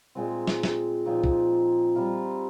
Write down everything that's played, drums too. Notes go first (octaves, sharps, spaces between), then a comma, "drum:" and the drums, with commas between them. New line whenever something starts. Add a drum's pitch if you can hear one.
A#2 G#3 C4
drum: snare
drum: snare
A#2 F3 C4 D#4
drum: kick
G3 C4 F4 A#4